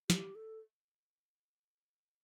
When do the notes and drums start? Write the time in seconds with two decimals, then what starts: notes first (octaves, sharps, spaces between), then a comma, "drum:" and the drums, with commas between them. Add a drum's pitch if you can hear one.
0.10 G4, drum: snare
0.35 A4